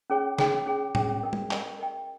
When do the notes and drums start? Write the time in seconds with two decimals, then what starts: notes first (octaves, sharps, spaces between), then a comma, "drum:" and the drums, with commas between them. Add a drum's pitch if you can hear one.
0.10 C#4 G#4 C#5 G5
0.38 C#4 G#4 C#5 G5, drum: snare
0.66 C#4 G#4 C#5 G5
0.95 C#4 G#4 C#5 G5, drum: tom A2
1.23 A#4 D#5 G5
1.33 drum: tom G3
1.51 A#4 D#5 G5, drum: clap
1.79 A#4 D#5 G5